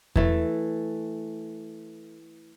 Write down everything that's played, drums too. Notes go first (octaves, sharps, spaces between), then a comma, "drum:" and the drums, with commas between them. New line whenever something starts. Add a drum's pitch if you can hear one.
E3 A3, drum: kick E2